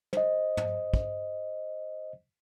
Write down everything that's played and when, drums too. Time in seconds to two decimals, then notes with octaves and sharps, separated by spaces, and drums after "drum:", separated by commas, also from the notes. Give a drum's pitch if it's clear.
0.13 C5 D#5, drum: tom
0.57 drum: tom
0.94 drum: kick